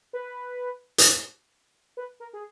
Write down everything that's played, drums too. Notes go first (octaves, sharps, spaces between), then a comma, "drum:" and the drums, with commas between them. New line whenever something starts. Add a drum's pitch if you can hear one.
B4
drum: hi-hat
B4
A#4
G#4